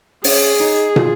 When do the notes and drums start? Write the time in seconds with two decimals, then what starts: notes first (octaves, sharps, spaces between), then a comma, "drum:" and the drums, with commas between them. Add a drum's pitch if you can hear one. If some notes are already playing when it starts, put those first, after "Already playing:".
0.24 C#4 G#4, drum: open hi-hat
0.60 D#4
0.96 F4, drum: tom